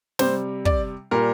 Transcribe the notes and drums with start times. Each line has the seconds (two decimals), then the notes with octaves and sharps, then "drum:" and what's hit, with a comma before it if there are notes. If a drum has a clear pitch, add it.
0.19 C3 G3 C5, drum: snare
0.65 D5, drum: kick
1.11 A#2 G3 A#4